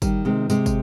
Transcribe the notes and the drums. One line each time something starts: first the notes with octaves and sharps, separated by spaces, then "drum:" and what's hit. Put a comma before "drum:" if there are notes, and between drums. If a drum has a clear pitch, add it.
D#3 G3, drum: kick, tambourine
C3 G#3
C3 G#3, drum: tambourine
drum: kick, tambourine